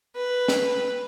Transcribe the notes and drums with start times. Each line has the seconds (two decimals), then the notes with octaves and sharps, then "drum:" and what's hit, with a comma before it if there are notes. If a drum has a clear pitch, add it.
0.16 B4
0.48 drum: snare